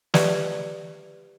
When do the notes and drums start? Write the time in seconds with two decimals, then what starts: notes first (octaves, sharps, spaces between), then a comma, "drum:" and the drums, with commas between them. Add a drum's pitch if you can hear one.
0.14 G4 B4 D5 E5, drum: snare